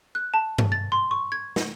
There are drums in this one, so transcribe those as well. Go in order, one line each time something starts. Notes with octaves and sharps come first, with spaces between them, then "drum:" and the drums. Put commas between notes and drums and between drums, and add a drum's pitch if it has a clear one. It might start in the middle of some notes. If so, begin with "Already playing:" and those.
F#6
A5
drum: tom G2
A6
C6
C#6
G#6
drum: snare